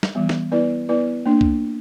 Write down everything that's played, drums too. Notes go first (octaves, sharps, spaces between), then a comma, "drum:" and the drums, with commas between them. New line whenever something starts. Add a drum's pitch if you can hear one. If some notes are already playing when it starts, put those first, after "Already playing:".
drum: snare
E3 G3 B3
drum: snare
B3 E4 B4 D5
B3 E4 B4 D5
A#3 D4
drum: kick